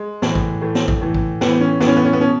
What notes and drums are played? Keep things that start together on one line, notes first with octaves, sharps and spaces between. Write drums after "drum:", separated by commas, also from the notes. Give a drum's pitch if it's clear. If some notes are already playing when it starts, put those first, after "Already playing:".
Already playing: G#3
A2 E3, drum: snare
drum: kick A1
A2 E3 A3
drum: snare
drum: kick A1
A2 E3
drum: kick A1
A2 E3 B3, drum: snare
C#4
A2 E3 B3, drum: snare
C#4
B3
C#4
B3
B2 C#4